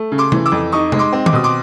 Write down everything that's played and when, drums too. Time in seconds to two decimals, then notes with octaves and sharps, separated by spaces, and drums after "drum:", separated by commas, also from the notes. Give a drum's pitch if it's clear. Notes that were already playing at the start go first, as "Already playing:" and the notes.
Already playing: A3
0.12 C#3
0.18 C6 D6
0.32 E3, drum: tom C3
0.46 D6 E6
0.52 F2
0.72 D#4 C#6 D#6
0.92 G#3, drum: tom C3
0.99 C6 D6
1.13 C4
1.26 D6, drum: tom D#3
1.33 B2 D#6
1.44 C6 D6